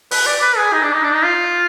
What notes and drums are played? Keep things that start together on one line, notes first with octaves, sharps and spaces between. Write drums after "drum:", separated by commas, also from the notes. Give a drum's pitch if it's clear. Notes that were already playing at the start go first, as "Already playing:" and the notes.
B4, drum: open hi-hat
D5
B4
G#4
D#4
D4
D#4
D4
D#4
F4